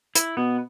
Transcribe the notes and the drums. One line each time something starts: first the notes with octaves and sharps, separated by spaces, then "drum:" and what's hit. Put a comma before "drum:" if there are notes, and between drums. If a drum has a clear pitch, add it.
E4, drum: hi-hat
B2 B3